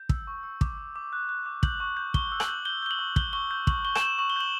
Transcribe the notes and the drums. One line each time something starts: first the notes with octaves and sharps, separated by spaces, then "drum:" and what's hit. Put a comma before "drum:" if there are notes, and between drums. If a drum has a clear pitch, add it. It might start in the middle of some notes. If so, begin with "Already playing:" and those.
Already playing: G6
E6, drum: kick
C#6
E6
D6, drum: kick
D6
D6
F#6
F#6
D6
G6 F#7, drum: kick
C#6
G6
C#6 G7, drum: kick
E6
F#7, drum: rim click
G6
G6 G7
G6 G7
F#7
C#6
G6 G7, drum: kick
C#6 G7
G6
C#6 F#7, drum: kick
C#6 G7
E7, drum: rim click
G6 F#7
C#6 F#7
G7
G6 F#7